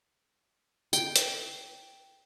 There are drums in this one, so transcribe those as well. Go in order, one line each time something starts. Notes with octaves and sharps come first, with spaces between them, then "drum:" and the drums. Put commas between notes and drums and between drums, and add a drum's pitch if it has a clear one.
G5, drum: tambourine
drum: hi-hat